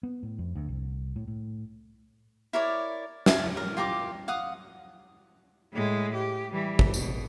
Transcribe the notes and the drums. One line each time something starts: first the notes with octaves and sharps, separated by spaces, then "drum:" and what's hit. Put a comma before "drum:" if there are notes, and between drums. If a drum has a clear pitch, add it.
B3
A2
F2
D2
C2
A2
A2
E4 A#4 C#5 D5
E5 F5 G#5 A5, drum: snare
A#4
F4 G4 A#4 D6
F5 F#5 D#6
A2 G#3
G4
E3 G3
drum: kick
B2, drum: tambourine